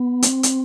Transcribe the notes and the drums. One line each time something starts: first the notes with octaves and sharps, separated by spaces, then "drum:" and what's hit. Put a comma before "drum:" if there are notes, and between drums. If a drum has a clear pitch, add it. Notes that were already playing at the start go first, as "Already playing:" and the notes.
Already playing: B3
C4, drum: hi-hat
drum: hi-hat